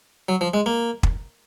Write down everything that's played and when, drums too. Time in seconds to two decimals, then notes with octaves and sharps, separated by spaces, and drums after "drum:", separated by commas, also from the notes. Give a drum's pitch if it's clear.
0.29 F#3
0.41 F3
0.54 G#3
0.66 A#3
1.03 drum: kick